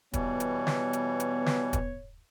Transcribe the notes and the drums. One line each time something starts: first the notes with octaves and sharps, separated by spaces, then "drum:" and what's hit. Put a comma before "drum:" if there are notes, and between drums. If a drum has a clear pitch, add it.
B2 E3 G3 B3 C#5, drum: kick, hi-hat
drum: hi-hat
drum: snare
drum: hi-hat
drum: hi-hat
drum: snare
drum: kick, hi-hat